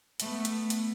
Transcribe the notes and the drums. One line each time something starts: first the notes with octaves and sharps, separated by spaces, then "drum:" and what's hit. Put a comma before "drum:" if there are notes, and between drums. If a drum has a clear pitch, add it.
A3 B3, drum: hi-hat
drum: hi-hat
drum: hi-hat